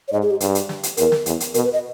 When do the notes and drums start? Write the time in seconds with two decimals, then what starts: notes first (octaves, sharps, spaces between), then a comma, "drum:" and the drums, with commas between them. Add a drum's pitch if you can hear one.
0.08 C#5
0.12 G#2 D#5
0.22 G#4
0.31 G4
0.40 G2, drum: hi-hat
0.55 drum: hi-hat
0.69 drum: snare
0.83 drum: hi-hat
0.97 E2 A#4, drum: hi-hat
1.12 drum: snare
1.26 E2, drum: hi-hat
1.40 drum: hi-hat
1.54 B2 A#4, drum: hi-hat
1.65 B4
1.73 D#5